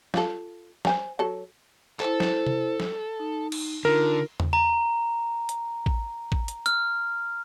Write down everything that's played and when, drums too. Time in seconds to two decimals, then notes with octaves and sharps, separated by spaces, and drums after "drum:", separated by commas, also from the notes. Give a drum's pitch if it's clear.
0.14 F4 A4, drum: snare
0.85 C5 G#5 A#5, drum: snare
1.19 F#3 A4
2.00 E4 A4 C5, drum: clap
2.20 drum: snare
2.47 drum: tom C3
2.80 drum: snare
3.20 D#4
3.52 drum: cymbal
3.85 D3 D#4 F4 A#4
4.40 drum: tom E2
4.53 A#5
5.49 drum: hi-hat
5.86 drum: kick A1
6.32 drum: kick A1
6.48 drum: hi-hat
6.66 F6, drum: hi-hat